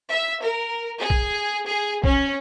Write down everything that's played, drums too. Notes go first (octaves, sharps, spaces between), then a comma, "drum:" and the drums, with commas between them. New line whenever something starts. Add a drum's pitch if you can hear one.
E5
A#4
G#4
drum: kick
G#4
C#4, drum: kick